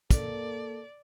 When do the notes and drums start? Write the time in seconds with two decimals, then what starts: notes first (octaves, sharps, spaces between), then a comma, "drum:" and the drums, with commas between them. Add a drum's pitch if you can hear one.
0.11 A#3 A4 D5, drum: kick, hi-hat